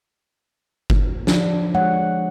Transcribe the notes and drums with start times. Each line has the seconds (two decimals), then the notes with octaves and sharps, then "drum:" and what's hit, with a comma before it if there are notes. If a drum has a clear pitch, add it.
0.90 drum: kick G1
1.27 F3 D4, drum: snare
1.74 G#3 C#5 F#5